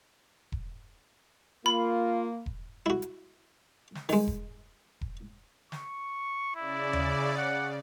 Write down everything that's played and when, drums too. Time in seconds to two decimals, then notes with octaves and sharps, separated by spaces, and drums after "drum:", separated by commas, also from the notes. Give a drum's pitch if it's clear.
0.52 drum: kick E1
1.66 A#3 F4 B5
2.46 drum: kick E1
2.86 E4 F#4
3.02 drum: hi-hat
3.95 drum: snare
4.09 D#3 G#3, drum: open hi-hat
4.27 drum: kick E1
5.01 drum: kick E1
5.72 C#6, drum: snare
6.56 C#3 E4 D5
6.93 drum: tom D#2
7.37 F#5